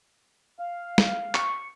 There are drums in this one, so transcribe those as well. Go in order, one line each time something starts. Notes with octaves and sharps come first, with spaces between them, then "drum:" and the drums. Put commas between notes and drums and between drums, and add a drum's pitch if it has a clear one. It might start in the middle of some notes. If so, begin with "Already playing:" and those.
F5
drum: snare
C#6, drum: clap